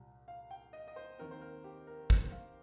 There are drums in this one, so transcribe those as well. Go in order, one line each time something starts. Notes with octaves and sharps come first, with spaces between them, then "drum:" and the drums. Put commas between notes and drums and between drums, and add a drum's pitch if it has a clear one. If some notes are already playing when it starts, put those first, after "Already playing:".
Already playing: C2 A#2 G3
F5
G5
D#5
D#5
C5
D#2 D#3 C4 A#4
C5
A#4
G4
A#4
C5, drum: kick
F5